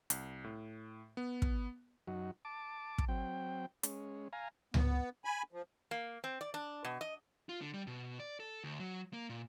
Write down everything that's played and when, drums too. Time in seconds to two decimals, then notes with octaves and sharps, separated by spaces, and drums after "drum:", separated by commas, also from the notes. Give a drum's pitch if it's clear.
0.10 C2, drum: hi-hat
0.44 A2
1.17 B3
1.42 drum: kick
2.08 F#2 F#3 D#4 F#4
2.45 A5 D6
2.98 drum: kick
3.08 F#3 C4 G5
3.83 G#3 C#4, drum: hi-hat
4.33 F5 G#5 A#5
4.74 B3, drum: tom C#2
5.25 G#5 B5
5.52 F3
5.91 A#3
6.24 C4
6.41 D5
6.54 D4
6.85 B2
7.01 D#5
7.49 F4
7.61 D3
7.74 G3
7.87 B2
8.20 D5
8.40 A4
8.64 D2
8.80 F#3
9.13 A#3
9.30 A#2